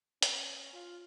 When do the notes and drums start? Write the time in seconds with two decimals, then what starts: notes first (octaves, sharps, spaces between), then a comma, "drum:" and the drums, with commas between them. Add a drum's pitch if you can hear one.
0.23 C#4, drum: hi-hat
0.73 F4